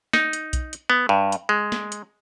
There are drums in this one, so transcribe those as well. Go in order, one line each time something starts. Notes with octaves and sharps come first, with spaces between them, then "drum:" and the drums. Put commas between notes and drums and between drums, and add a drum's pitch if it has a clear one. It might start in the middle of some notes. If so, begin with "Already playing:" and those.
D#4, drum: snare
drum: hi-hat
drum: kick B1, hi-hat
drum: hi-hat
B3
G2
drum: hi-hat
G#3
drum: snare
drum: hi-hat